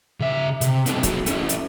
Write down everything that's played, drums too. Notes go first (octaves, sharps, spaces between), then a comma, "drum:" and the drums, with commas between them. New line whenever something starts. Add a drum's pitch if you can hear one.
C#3 E5
C3, drum: hi-hat
B3 C4 D4 D#4 G4 A4, drum: hi-hat
F#3 F#4 G#4, drum: kick, hi-hat
A3 C#4 E4, drum: hi-hat
drum: hi-hat